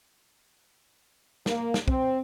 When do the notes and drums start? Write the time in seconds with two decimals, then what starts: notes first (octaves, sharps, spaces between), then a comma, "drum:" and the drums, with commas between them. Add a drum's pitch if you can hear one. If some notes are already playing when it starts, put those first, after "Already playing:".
1.46 A#3, drum: snare
1.74 drum: snare
1.88 C4, drum: kick